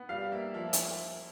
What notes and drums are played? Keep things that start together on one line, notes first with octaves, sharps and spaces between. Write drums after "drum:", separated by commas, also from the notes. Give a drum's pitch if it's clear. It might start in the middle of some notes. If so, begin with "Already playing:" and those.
Already playing: B3
G3 F5
A#3 E5
F3 E5
drum: hi-hat